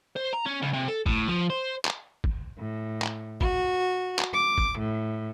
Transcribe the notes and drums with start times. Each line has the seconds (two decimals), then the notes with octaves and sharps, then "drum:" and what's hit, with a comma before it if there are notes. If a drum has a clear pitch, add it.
0.16 C5
0.33 A#5
0.46 C#4
0.62 C#2
0.73 C3
0.88 A4
1.06 A2, drum: kick
1.29 F3
1.50 C5
1.85 drum: clap
2.24 drum: kick
2.57 A2
3.02 drum: clap
3.41 F#4, drum: kick
4.19 drum: clap
4.33 D6
4.58 drum: kick
4.79 A2